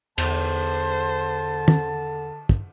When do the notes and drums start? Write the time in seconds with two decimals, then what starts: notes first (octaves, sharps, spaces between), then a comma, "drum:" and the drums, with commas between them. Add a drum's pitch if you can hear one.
0.18 E2 D3 C5 A5, drum: cymbal
1.68 drum: tom
2.49 drum: kick